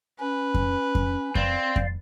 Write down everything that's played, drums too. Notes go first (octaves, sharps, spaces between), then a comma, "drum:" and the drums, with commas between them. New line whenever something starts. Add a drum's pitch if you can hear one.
C#4 B4
drum: kick F2
drum: kick F2
C4 D5 F5, drum: kick F2
drum: kick F2